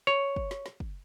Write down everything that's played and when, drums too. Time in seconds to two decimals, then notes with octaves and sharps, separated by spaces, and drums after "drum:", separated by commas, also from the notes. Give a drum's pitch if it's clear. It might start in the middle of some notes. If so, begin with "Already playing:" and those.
0.07 C#5, drum: snare
0.36 drum: kick
0.51 drum: snare
0.66 drum: snare
0.80 drum: kick